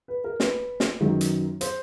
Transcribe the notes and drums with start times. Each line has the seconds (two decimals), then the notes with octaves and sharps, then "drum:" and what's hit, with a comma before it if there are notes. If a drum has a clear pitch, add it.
0.08 B4
0.24 A#4
0.40 B4, drum: snare
0.80 drum: snare
1.01 F#2 D#3 F#3
1.21 drum: hi-hat
1.61 C5, drum: hi-hat